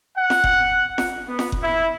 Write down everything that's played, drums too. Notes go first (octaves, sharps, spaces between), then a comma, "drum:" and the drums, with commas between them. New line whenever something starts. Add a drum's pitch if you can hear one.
F#5
drum: snare
drum: kick F#1
drum: snare
B3
drum: snare
drum: kick F#1
E4